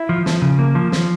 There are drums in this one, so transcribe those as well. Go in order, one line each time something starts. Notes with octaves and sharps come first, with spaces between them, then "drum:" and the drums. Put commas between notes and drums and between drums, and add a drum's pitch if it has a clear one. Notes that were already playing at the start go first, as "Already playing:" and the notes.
Already playing: E4
F3
F3, drum: snare
C#3
A#3
F3
F3, drum: snare